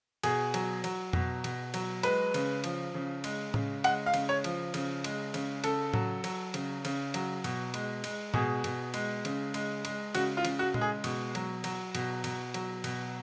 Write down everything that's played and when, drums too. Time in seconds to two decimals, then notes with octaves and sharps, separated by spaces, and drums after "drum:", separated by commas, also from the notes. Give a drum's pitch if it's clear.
0.23 B2 G#4, drum: cymbal
0.54 F#3, drum: cymbal
0.84 F#3, drum: cymbal
1.13 B2, drum: tom F2
1.44 B2, drum: cymbal
1.74 F#3, drum: cymbal
2.03 G#3 B4, drum: cymbal
2.34 C#3, drum: cymbal
2.64 F3, drum: cymbal
2.94 C#3
3.24 G#3, drum: cymbal
3.54 C#3, drum: tom A2
3.84 G#3 F#5, drum: cymbal
4.06 F5
4.14 C#3, drum: cymbal
4.29 C#5
4.44 F3, drum: cymbal
4.74 C#3, drum: cymbal
5.04 G#3, drum: cymbal
5.34 C#3, drum: cymbal
5.64 C#3 A4, drum: cymbal
5.94 F#3, drum: tom A2
6.24 F#3, drum: cymbal
6.54 C#3, drum: cymbal
6.85 C#3, drum: cymbal
7.14 F#3, drum: cymbal
7.44 B2, drum: cymbal
7.74 G#3, drum: cymbal
8.04 G#3, drum: cymbal
8.34 B2 G#4, drum: tom A2
8.64 B2, drum: cymbal
8.94 G#3, drum: cymbal
9.25 C#3, drum: cymbal
9.54 G#3, drum: cymbal
9.85 G#3, drum: cymbal
10.15 C#3 F#4, drum: cymbal
10.37 F4
10.45 C#3, drum: cymbal
10.59 F#4
10.74 G#3, drum: tom A#2
10.81 G#4
11.04 B2, drum: cymbal
11.35 F#3, drum: cymbal
11.64 F#3, drum: cymbal
11.95 B2, drum: cymbal
12.24 B2, drum: cymbal
12.54 F#3, drum: cymbal
12.84 B2, drum: cymbal